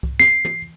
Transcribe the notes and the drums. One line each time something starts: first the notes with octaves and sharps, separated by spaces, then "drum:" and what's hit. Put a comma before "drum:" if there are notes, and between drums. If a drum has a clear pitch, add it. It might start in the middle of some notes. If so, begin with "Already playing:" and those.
drum: kick C2
C7, drum: snare
drum: tom